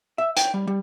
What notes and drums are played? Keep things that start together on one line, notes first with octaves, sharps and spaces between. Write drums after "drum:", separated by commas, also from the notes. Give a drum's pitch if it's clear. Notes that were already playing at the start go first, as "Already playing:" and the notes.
E5
G5, drum: hi-hat
G3
G3